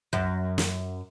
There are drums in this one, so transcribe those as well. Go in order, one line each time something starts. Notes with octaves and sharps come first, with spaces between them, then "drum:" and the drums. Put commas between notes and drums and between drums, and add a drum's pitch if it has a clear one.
F#2, drum: kick
drum: snare